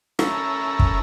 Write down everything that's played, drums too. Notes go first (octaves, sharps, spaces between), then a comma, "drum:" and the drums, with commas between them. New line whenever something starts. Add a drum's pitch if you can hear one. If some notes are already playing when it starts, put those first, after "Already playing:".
C#4 E4 A4 A#4, drum: rim click
drum: kick